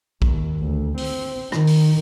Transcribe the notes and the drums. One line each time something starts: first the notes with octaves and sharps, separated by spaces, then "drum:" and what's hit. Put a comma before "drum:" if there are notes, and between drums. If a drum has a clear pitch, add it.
D#2, drum: kick
D2
C4, drum: open hi-hat
D#3, drum: rim click
drum: open hi-hat